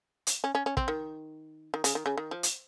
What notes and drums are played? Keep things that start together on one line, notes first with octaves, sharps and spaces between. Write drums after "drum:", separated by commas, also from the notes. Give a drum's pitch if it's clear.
drum: hi-hat
C#4
C#4
C#4
C4, drum: kick
D#3
D#3
C#3, drum: hi-hat
D#3
C#3
D#3
F3
drum: hi-hat